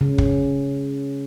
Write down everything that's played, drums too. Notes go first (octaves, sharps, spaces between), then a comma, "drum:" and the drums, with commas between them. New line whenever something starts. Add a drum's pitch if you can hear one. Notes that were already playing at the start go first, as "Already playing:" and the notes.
C#3
drum: kick